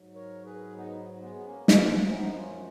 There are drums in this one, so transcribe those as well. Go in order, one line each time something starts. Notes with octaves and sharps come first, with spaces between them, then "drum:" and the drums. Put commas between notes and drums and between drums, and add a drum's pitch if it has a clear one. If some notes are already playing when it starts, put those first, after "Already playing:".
Already playing: G#2 F#3
A#4 C#5
G#4 B4
B3 D#4
G#3 B3
B3
A#3 C#4
F#2 F3 G#3 B3, drum: snare
B3 D#4
C#4
B3 D#4
C#4 F4